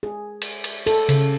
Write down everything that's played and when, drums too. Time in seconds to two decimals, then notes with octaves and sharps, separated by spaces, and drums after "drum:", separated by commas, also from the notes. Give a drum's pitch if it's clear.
0.03 G#4
0.41 drum: cymbal
0.64 drum: cymbal
0.87 A4, drum: cymbal
1.09 C#3, drum: cymbal